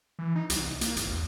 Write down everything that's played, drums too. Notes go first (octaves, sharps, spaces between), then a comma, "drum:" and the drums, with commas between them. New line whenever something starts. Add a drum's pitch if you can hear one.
E3
D#4
C2, drum: hi-hat
A#3, drum: hi-hat
G#1, drum: hi-hat
E2